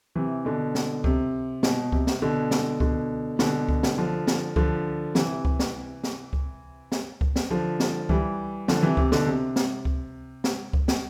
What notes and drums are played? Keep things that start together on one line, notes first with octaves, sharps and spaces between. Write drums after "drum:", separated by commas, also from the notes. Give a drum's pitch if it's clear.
C3 E3
B2 D3
drum: snare
C3, drum: kick C#2
B2, drum: snare
C3, drum: kick C#2
drum: snare
B2 D3
drum: snare
B2 D3, drum: kick C#2
B2 D3, drum: snare
drum: kick C#2
drum: snare
D3 F3
drum: snare
D3 F3, drum: kick C#2
C3 E3, drum: snare
drum: kick C#2
drum: snare
drum: snare
drum: kick C#2
drum: snare
drum: kick C#2
drum: snare
D3 F3
drum: snare
E3 G3, drum: kick C#2
D3 F3, drum: snare
C3 E3
C3, drum: kick C#2
B2 D3, drum: snare
C3
drum: snare
drum: kick C#2
drum: snare
drum: kick C#2
drum: snare